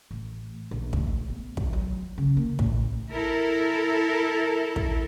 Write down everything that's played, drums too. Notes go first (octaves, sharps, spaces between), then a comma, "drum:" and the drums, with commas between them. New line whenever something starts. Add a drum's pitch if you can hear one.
A1
A#1
D2, drum: kick
A2
B3
drum: kick
F#3
C#3
A#3
A2, drum: kick
E4 A4 A#4
drum: kick